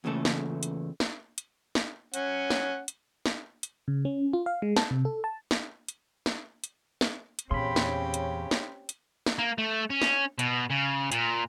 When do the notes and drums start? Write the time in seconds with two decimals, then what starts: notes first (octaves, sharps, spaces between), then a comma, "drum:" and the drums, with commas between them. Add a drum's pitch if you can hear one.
0.04 E2 A#2 C#3 A3 A4
0.25 drum: snare
0.63 drum: hi-hat
1.00 drum: snare
1.38 drum: hi-hat
1.75 drum: snare
2.14 C#4 F#5, drum: hi-hat
2.50 drum: snare
2.88 drum: hi-hat
3.26 drum: snare
3.63 drum: hi-hat
3.88 C#3
4.05 C#4
4.33 F4
4.46 F5
4.62 G#3
4.76 A5, drum: snare
4.91 C3
5.05 A4
5.24 A5
5.51 drum: snare
5.88 drum: hi-hat
6.26 drum: snare
6.64 drum: hi-hat
7.01 drum: snare
7.39 drum: hi-hat
7.51 E2 A#2 C#3 C4 C#4 G4 B5 C6
7.76 drum: snare
8.14 drum: hi-hat
8.51 drum: snare
8.89 drum: hi-hat
9.26 drum: snare
9.39 A#3
9.58 A3
9.90 C#4
10.02 drum: snare
10.39 B2, drum: hi-hat
10.71 C#3
11.12 A#2, drum: hi-hat